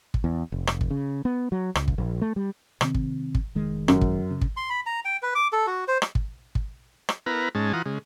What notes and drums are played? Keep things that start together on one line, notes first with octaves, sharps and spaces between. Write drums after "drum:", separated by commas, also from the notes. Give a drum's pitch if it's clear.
drum: kick
E2
F1
drum: rim click
drum: kick
C#3
B3
F#3
C#2, drum: rim click
drum: kick
A#1
A3
G3
C3 D#3 C4, drum: rim click
drum: kick
drum: kick
F1 D#3 G#3
F#2, drum: rim click
drum: kick
C#3
drum: kick
C6
B5
A#5
G5
B4
D6
A4
F#4
C5
drum: rim click
drum: kick
drum: kick
drum: rim click
B3 E4 A#4 B4 A#5
G#2 G#3 C#4 A5
E3 F4 F#5 A#5 D#6
C#3 G#3